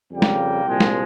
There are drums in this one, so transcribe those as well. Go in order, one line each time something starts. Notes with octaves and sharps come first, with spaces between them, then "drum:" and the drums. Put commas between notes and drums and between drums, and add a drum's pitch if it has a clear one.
F2 C#3 G3 A#3 G5
drum: snare
C2 A#2 F3 G#3
drum: snare